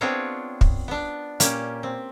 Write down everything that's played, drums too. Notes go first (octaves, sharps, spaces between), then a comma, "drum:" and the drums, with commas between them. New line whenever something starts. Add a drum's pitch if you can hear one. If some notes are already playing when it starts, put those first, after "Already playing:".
B3 C4 D4 F4 G#4 C#5
drum: kick
B3 D4
A#2 A#3 C#4 G4, drum: hi-hat
C4